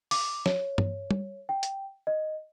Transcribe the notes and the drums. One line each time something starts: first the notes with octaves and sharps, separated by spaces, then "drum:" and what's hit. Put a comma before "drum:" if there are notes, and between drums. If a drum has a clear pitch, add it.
D6, drum: open hi-hat
C#5, drum: snare
drum: tom G2
drum: tom
G5
drum: hi-hat
D#5